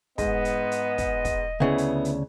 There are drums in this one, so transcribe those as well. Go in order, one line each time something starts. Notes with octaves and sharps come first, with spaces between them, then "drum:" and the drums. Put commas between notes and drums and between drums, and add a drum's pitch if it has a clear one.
G#2 B3 D#5, drum: kick, hi-hat
drum: hi-hat
drum: hi-hat
drum: kick, hi-hat
drum: kick, hi-hat
D2 C#3 B3 E4
drum: hi-hat
drum: hi-hat